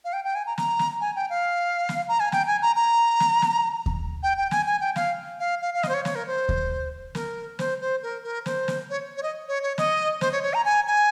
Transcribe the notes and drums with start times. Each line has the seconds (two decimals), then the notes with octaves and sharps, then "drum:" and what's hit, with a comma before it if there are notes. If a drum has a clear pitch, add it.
0.05 F5
0.13 G5
0.24 G5
0.35 G#5
0.47 A#5
0.58 A#5, drum: snare
0.79 drum: snare
1.01 G#5
1.16 G5
1.30 F5
1.89 drum: snare
2.08 A#5
2.20 G#5
2.32 G5, drum: snare
2.47 G#5
2.62 A#5
2.76 A#5
3.20 drum: snare
3.42 drum: snare
3.86 drum: kick D#2
4.23 G5
4.38 G5
4.51 G#5, drum: snare
4.66 G#5
4.81 G5
4.96 F5, drum: snare
5.40 F5
5.62 F5
5.74 F5
5.83 D#5, drum: snare
5.89 C5
5.94 C#5
6.05 C#5, drum: snare
6.15 A#4
6.27 C5
6.49 drum: kick D#2
7.15 A#4, drum: snare
7.59 C5, drum: snare
7.81 C5
8.03 A#4
8.24 A#4
8.46 C5, drum: snare
8.68 drum: snare
8.90 C#5
9.17 C#5
9.23 D#5
9.48 C#5
9.63 C#5
9.78 D#5, drum: snare
10.21 C5, drum: snare
10.32 C#5
10.43 C#5
10.54 A#5
10.65 G#5
10.87 G#5